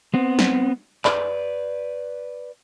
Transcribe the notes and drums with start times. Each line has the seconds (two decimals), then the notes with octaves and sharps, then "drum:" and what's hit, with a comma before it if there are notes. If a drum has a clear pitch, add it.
0.14 B3 C4
0.39 drum: snare
1.05 B4 D5, drum: clap